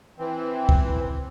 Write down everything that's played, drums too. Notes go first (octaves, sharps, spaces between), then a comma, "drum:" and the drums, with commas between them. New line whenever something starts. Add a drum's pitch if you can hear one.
E3 C4
drum: kick